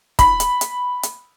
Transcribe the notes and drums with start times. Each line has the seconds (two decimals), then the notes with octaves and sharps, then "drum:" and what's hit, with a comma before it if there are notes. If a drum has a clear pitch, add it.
0.19 B5, drum: kick, hi-hat
0.40 drum: hi-hat
0.61 drum: hi-hat
1.03 drum: hi-hat